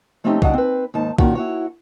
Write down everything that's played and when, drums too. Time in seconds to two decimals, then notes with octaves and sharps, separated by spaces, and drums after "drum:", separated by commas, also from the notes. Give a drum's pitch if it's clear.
0.24 F3 A3 C4 C#4 D#4 G4
0.42 C#3 F#3 G3 D4 D#5 F#5, drum: kick
0.54 C4 B4
0.94 D#2 G#2 D#4 A5
1.18 A#2 D#3 C#4 F#4, drum: kick
1.35 E4 F#4 C#5